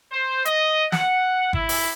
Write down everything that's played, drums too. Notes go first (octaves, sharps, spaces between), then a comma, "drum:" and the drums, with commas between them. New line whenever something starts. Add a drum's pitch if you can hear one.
C5
D#5, drum: hi-hat
F#5, drum: snare
E4, drum: kick G#1
drum: open hi-hat